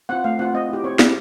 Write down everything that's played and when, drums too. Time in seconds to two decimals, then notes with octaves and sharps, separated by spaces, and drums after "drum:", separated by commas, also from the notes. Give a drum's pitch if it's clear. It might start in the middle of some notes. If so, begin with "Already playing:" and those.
0.09 C4 F4 F#5
0.24 A3 F5
0.39 C4 F4 F#5
0.54 C4 D#5
0.69 E4 G4
0.84 C4 C#5
0.99 E4 G4, drum: snare